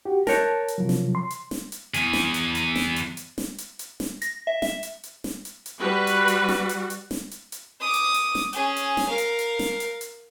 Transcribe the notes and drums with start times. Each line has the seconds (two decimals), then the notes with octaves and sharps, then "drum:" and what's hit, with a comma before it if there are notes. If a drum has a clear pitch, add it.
0.05 F#4 G4
0.27 A#4 C#5 A5, drum: snare
0.68 drum: hi-hat
0.78 C3 F3 F#3
0.89 drum: snare
1.15 C6
1.30 drum: hi-hat
1.51 drum: snare
1.72 drum: hi-hat
1.94 E2 G#4, drum: hi-hat
2.13 drum: snare
2.34 drum: hi-hat
2.55 drum: hi-hat
2.76 drum: snare
2.96 drum: hi-hat
3.17 drum: hi-hat
3.38 drum: snare
3.58 drum: hi-hat
3.79 drum: hi-hat
4.00 drum: snare
4.22 A#6, drum: hi-hat
4.47 E5
4.62 E5, drum: snare
4.83 drum: hi-hat
5.03 drum: hi-hat
5.24 drum: snare
5.45 drum: hi-hat
5.66 drum: hi-hat
5.80 G3 F#4 B4
6.07 drum: hi-hat
6.28 drum: hi-hat
6.49 drum: snare
6.69 drum: hi-hat
6.90 drum: hi-hat
7.11 drum: snare
7.31 drum: hi-hat
7.52 drum: hi-hat
7.80 D6 D#6
7.94 drum: hi-hat
8.14 drum: hi-hat
8.35 drum: snare
8.53 C#4 G#4, drum: hi-hat
8.76 drum: hi-hat
8.97 drum: snare
9.08 A#4 F5
9.18 drum: hi-hat
9.39 drum: hi-hat
9.59 drum: snare
9.80 drum: hi-hat
10.01 drum: hi-hat